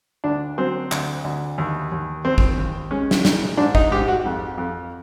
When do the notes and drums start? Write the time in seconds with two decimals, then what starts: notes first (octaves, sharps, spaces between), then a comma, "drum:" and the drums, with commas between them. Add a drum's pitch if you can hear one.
0.24 D2 D4
0.58 F#3 C4
0.92 D2, drum: clap
1.24 D2
1.58 D#2
1.92 D#2
2.25 D#2 C4
2.38 drum: kick A1
2.57 D#2
2.91 G#3 C#4
3.11 drum: snare
3.25 A#1, drum: snare
3.58 G#2 D4
3.75 D#4, drum: kick A1
3.91 G#2 G4
4.08 F#4
4.25 F2
4.58 F2